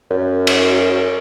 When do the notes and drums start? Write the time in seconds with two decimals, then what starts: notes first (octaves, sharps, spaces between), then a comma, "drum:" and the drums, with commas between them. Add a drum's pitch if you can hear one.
0.11 F#2
0.47 drum: cymbal